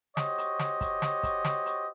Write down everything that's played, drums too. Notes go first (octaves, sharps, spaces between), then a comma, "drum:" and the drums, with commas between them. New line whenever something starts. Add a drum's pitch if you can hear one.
F#4 G4 C5 C#5 D#5, drum: snare
drum: hi-hat
drum: snare
drum: kick, hi-hat
drum: snare
drum: kick, hi-hat
drum: snare
drum: hi-hat